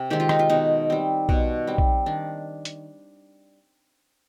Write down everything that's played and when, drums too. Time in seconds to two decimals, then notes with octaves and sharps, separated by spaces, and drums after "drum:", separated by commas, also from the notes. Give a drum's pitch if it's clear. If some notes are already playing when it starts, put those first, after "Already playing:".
Already playing: C3
0.10 D#3 G#3 C4 G4
0.20 F4
0.29 D#4, drum: rim click
0.39 F4
0.50 B2 D#4
0.90 G3 C4
1.29 B2, drum: kick A#1
1.67 G3 C4
1.78 drum: kick A#1
2.06 D#3 D4
2.65 drum: hi-hat